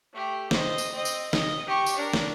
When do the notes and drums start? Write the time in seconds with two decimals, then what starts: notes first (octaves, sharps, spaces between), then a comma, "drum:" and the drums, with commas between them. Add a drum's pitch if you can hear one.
0.13 A3 G4
0.51 C5 D#5, drum: snare
0.78 drum: tambourine
0.92 C4 D#5
1.05 drum: tambourine
1.33 D#5, drum: snare
1.67 G4 C#6
1.86 drum: tambourine
1.96 D4 A#4
2.13 drum: snare